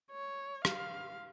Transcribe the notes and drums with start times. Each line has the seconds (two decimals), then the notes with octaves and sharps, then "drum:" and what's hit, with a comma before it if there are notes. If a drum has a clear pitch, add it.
0.11 C#5
0.65 F5, drum: rim click